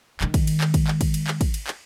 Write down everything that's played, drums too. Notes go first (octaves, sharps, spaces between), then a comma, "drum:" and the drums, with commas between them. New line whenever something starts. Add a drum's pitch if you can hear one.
D#3 G#3, drum: clap
drum: kick, cymbal
drum: cymbal
drum: clap
drum: kick, cymbal
drum: clap
drum: kick, cymbal
drum: cymbal
drum: clap
drum: kick, cymbal
drum: cymbal
drum: clap